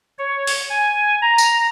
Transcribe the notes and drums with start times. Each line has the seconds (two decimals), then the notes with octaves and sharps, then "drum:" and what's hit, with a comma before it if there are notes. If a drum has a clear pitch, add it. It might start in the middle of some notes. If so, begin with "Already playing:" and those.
0.19 C#5
0.47 drum: open hi-hat
0.70 G#5
1.22 A#5
1.38 drum: tambourine